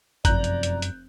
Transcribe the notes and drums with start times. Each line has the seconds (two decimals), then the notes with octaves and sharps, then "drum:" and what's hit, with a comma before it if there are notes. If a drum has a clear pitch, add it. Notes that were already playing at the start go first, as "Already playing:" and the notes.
0.25 F1 F#2 D5 A#5 F#6 G6 F#7, drum: kick G#1, hi-hat
0.44 drum: hi-hat
0.63 drum: hi-hat
0.82 drum: hi-hat